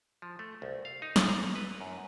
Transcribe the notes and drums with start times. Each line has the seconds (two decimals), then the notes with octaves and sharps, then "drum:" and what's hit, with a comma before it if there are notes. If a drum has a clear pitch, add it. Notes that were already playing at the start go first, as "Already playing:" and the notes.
0.22 F3
0.39 A3
0.62 C2
0.85 F5
1.02 D#4
1.16 D4, drum: snare
1.29 A#5
1.55 B4
1.81 F#2